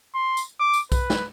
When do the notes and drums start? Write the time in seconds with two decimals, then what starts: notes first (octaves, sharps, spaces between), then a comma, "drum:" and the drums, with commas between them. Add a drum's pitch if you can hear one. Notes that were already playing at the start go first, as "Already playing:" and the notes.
0.14 C6
0.37 drum: tambourine
0.60 D6
0.73 drum: tambourine
0.92 B4, drum: kick B1, tambourine
1.10 drum: snare